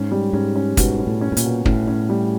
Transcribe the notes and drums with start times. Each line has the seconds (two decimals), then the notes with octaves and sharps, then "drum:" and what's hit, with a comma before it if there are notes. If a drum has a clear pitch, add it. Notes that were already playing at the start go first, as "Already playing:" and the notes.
Already playing: G#2 C#4
0.11 G3
0.33 G#2 C#4
0.56 C#4
0.77 G#2 B2, drum: kick, hi-hat
0.99 C#4
1.07 A2
1.21 C#4
1.32 A2
1.37 A#2, drum: hi-hat
1.44 B2
1.66 A2 C#4, drum: kick
1.88 C#4
2.10 G3